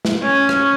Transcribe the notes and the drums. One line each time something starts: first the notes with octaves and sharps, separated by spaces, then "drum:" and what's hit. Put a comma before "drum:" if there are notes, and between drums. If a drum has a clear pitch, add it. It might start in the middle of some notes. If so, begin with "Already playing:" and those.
drum: snare
C#4
drum: rim click